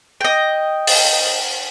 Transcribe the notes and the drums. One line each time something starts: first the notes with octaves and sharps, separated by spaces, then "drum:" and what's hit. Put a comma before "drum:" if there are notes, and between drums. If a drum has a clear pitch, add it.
D#5 G5
drum: open hi-hat